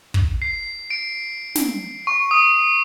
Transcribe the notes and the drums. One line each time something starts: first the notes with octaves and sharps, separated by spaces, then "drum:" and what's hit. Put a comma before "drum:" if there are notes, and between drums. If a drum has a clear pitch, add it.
drum: kick
C7
D7
drum: snare
C#6
D#6